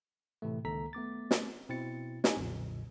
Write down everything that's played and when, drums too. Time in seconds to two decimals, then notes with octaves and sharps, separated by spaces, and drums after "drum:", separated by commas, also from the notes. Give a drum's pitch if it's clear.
0.42 A2 C3 E3 A3
0.65 C#2 D#3 A#3 A4 A#5 B6
0.93 A3 B3 D6 A6
1.31 drum: snare
1.69 B2 C4 E4 A6 C#7
2.24 D#4 G4 G#5, drum: snare
2.37 B1 F2 A#2 D3